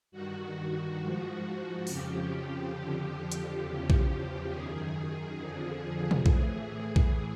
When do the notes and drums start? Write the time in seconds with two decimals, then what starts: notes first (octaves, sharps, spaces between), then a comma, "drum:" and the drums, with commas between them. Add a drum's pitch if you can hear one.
0.12 G2 D#3 F#4
1.00 G#2 F3
1.87 F2 C#3 F3 G4, drum: open hi-hat
2.75 F2 D3 F3
3.32 drum: hi-hat
3.62 E2 C#3 F3
3.90 drum: kick A#1
4.50 F#2 D#3 G#4
5.38 F2 D3 F3
6.11 drum: tom B2
6.26 A2 E3 G#4, drum: kick A#1
6.96 drum: kick A#1